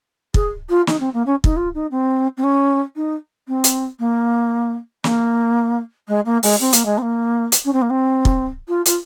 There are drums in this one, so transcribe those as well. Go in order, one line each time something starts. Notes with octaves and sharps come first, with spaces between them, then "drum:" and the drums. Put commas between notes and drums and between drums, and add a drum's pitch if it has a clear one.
G#4, drum: kick
F4
D#4, drum: snare
C4
A#3
C#4
D#4, drum: kick
F4
D#4
C4
C4
C#4
D#4
C4
drum: hi-hat
A#3
A#3, drum: snare
G#3
A#3
G#3, drum: open hi-hat
C4
A#3, drum: hi-hat
G#3
C4
A#3
drum: hi-hat
C#4
C4
A#3
C4
drum: kick
F4
F4, drum: hi-hat